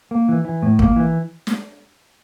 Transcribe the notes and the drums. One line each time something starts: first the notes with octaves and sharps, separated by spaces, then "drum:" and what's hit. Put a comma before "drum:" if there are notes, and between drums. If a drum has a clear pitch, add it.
A#3
E3
E3
A2
A#3, drum: kick
E3
drum: snare